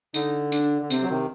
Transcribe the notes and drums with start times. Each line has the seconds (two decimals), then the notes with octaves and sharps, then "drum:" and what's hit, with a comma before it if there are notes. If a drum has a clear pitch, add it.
0.14 D3 D#4, drum: tambourine
0.52 D4, drum: tambourine
0.82 D3
0.90 C3 C4, drum: tambourine
1.02 F#3
1.09 C3 D#3